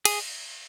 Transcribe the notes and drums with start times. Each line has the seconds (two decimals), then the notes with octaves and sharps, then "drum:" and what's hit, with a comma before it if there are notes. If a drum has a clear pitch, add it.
0.05 G#4, drum: cymbal